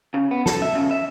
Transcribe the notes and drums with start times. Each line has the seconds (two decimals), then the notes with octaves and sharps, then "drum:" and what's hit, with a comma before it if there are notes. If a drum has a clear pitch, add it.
0.14 C#3
0.31 B3
0.46 A4, drum: snare
0.62 E5
0.75 C#3
0.91 E5